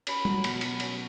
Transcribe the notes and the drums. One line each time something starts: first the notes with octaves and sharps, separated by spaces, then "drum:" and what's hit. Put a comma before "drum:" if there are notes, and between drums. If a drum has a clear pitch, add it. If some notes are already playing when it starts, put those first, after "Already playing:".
C#4 B5, drum: cymbal
F#3, drum: tom
B2, drum: cymbal
F#3, drum: cymbal
C#4, drum: cymbal